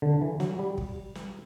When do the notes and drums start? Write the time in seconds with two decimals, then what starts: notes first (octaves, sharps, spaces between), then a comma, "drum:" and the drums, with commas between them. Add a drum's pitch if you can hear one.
0.02 D3
0.21 E3
0.40 F#3, drum: snare
0.59 G3
0.78 drum: kick
1.15 drum: snare